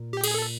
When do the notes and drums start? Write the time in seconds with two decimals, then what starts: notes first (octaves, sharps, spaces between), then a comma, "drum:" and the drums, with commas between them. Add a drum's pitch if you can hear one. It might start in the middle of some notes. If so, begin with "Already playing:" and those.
Already playing: A#2
0.13 G4
0.24 G#4, drum: cymbal
0.34 A4